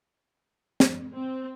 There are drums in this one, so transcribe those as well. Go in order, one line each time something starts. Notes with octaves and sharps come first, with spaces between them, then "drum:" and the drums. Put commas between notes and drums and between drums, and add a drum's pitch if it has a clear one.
drum: snare
C4